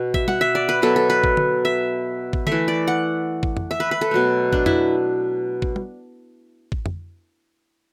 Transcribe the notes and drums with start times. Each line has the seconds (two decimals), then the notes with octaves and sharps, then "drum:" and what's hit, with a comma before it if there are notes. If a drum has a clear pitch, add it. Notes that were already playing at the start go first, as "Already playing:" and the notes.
Already playing: B2
0.14 E5, drum: kick G#1
0.28 F#5, drum: tom
0.41 E5
0.55 D5
0.69 B4
0.82 B2 F#3 B3 A4
0.96 A4
1.10 B4
1.24 drum: kick G#1
1.37 drum: tom D3
1.65 E5
2.33 drum: kick G#1
2.47 E3 A3 E5, drum: tom D3
2.68 D5
2.88 F#5
3.43 drum: kick G#1
3.57 drum: tom F2
3.71 E5
3.80 B4
3.91 B4
4.01 A4
4.11 B2 F#3 A3
4.53 D4, drum: kick G#1
4.66 E4, drum: tom F2
5.62 drum: kick G#1
5.76 drum: tom
6.72 drum: kick G#1
6.86 drum: tom F2